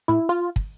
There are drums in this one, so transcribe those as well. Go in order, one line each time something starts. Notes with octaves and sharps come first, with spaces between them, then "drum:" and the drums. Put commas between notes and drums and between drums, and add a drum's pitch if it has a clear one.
A2 E4
F4
drum: kick